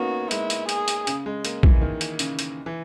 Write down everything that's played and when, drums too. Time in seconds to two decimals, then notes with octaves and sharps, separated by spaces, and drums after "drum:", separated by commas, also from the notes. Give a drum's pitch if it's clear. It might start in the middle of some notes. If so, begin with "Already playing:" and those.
Already playing: A#3 B3 C#4 D#4 F#4
0.31 G#3 E4, drum: hi-hat
0.50 drum: hi-hat
0.69 G#4, drum: hi-hat
0.88 drum: hi-hat
1.07 C#3, drum: hi-hat
1.26 G#3
1.45 A#3, drum: hi-hat
1.63 E3, drum: kick A#1
1.81 D#3
2.01 drum: hi-hat
2.19 C#3, drum: hi-hat
2.39 drum: hi-hat
2.66 E3